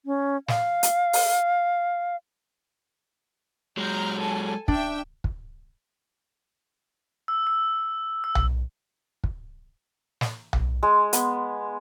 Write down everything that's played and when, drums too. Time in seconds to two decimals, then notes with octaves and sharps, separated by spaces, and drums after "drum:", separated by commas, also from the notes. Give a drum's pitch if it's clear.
0.06 C#4
0.48 F5, drum: snare
0.83 drum: hi-hat
1.13 drum: open hi-hat
3.77 F#3 G#3 A#5 F6 G6
4.19 A4 G#5 A5
4.68 D4 E5 G5, drum: kick
5.24 drum: kick
7.28 E6
7.47 E6
8.24 E6
8.35 drum: tom B1
9.24 drum: kick
10.21 drum: snare
10.53 drum: tom B1
10.83 G#3
11.13 B3, drum: hi-hat